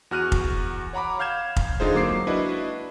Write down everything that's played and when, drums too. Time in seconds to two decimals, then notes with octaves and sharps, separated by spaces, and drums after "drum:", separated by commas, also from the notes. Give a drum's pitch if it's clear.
0.11 E2 F#4 F6 F#6 D#7
0.32 drum: kick F1
0.93 C#5 F#5 A#5 B5 D6
1.19 F5 F6 G6 G#6 E7
1.56 drum: kick F1
1.80 D3 G#3 D#4 F4 G#4 C5
1.94 F#3 A#3 D6 C7
2.27 D4 E4 F#4 B4 D#5